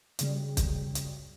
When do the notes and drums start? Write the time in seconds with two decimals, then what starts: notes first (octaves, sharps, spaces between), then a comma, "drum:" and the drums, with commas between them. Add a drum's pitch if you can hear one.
0.19 F#2 C#3 G3, drum: hi-hat
0.57 drum: kick, hi-hat
0.95 drum: hi-hat